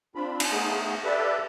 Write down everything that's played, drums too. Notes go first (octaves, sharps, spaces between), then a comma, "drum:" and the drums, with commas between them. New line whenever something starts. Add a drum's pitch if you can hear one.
C4 D4 F4 B5
drum: cymbal
A3 B3 D#4 G#4
G4 A4 B4 D5 E5